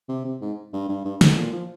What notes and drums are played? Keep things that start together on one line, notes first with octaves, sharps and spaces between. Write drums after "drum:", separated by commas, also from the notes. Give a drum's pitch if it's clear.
C3
C3
G#2
G2
G2
G2
G#2, drum: snare
A#2
F3